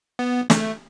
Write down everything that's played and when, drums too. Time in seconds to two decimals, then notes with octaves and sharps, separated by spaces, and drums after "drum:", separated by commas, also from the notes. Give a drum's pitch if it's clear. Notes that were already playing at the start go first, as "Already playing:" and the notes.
0.19 B3
0.50 A3, drum: snare